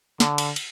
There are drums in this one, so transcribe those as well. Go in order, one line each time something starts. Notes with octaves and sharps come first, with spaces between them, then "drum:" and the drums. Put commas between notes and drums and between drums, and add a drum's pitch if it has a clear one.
D3, drum: snare
drum: cymbal
drum: cymbal